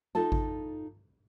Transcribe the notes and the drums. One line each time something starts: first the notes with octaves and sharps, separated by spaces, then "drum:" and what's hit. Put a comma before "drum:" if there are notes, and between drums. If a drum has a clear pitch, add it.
D#4 F4 A4 A5
drum: kick G#1